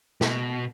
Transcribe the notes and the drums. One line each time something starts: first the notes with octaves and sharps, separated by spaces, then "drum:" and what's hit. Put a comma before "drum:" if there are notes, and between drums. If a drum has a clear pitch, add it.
B2, drum: snare